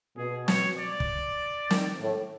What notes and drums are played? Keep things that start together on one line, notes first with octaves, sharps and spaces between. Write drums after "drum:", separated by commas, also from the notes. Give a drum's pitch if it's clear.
B2 G#4
C#5, drum: snare
D5
drum: kick
D#3, drum: snare
A2